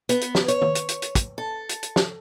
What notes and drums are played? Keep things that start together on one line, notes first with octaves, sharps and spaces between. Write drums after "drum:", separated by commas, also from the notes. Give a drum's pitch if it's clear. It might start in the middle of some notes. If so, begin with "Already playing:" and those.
B3, drum: hi-hat
drum: hi-hat
drum: snare
C#5, drum: hi-hat
drum: tom
drum: hi-hat
drum: hi-hat
drum: hi-hat
drum: kick, hi-hat
A4
drum: hi-hat
drum: hi-hat
drum: snare